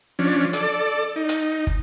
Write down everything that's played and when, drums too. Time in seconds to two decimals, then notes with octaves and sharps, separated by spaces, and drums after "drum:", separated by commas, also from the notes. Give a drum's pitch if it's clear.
0.19 F3 C#4 D4
0.53 A4 D5, drum: hi-hat
1.16 D#4
1.29 drum: hi-hat
1.67 drum: kick